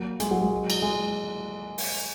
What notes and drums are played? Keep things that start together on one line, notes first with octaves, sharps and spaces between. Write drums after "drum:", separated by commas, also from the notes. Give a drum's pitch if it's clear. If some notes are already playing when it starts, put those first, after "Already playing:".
Already playing: F#3 A#3
G#3, drum: hi-hat
F#3
G#3
drum: cymbal
G#3
drum: open hi-hat